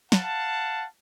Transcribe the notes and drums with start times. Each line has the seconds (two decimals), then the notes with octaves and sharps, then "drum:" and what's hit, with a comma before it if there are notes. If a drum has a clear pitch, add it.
0.12 F5 F#5 A5, drum: snare